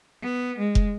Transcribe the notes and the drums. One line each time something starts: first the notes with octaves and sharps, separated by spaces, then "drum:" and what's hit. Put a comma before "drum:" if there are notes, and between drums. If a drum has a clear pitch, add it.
B3
G#3
drum: kick F1